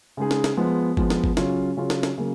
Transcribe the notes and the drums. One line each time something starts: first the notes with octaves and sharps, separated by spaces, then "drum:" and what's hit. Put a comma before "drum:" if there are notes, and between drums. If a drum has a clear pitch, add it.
C#3 G#3 D#4 G#4
drum: snare
drum: snare
F3 G#3 B3
F3 G#3 B3, drum: kick G1
drum: snare
drum: kick G1
C#3 F#3 C#4 F4, drum: snare
C#3 F#3 C#4 F4
drum: snare
drum: snare
C#3 F#3 A#3